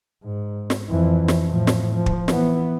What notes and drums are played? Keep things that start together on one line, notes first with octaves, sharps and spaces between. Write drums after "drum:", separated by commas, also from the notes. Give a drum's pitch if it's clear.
G#2
drum: snare
F2 E3
drum: snare
A2 F3
drum: snare
F3
drum: kick
E3 B3, drum: snare